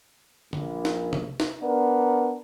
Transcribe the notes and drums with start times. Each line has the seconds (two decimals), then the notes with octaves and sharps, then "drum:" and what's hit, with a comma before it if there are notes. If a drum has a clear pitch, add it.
0.53 A#1, drum: tom D3
0.85 drum: snare
1.13 drum: tom C3
1.40 drum: snare
1.63 B3 D4 A#4